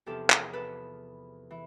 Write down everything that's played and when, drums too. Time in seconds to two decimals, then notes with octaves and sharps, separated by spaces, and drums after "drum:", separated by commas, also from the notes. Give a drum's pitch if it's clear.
0.06 E2 C3 F3 G4 A4
0.30 G#4 A#4, drum: clap
0.53 A4 B4
1.51 E3